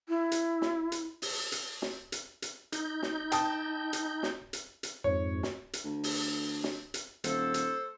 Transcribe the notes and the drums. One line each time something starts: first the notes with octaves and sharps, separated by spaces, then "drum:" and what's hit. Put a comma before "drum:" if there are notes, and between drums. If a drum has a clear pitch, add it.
E4
drum: hi-hat
drum: snare
drum: hi-hat
drum: open hi-hat
drum: hi-hat
drum: snare
drum: hi-hat
drum: hi-hat
D#4 G6, drum: hi-hat
drum: snare
G5 A5 D#6, drum: hi-hat
drum: hi-hat
drum: snare
drum: hi-hat
drum: hi-hat
F2 G#2 C#5
drum: snare
drum: hi-hat
D2
drum: open hi-hat
drum: snare
drum: hi-hat
D#1 A4 C5, drum: hi-hat
drum: hi-hat